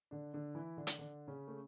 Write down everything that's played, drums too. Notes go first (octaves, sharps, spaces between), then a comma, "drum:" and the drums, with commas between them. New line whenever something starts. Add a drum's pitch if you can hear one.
D3 D4
D3 D4
E3 E4
D3 D4
drum: hi-hat
D3 D4
C#3 C#4
A3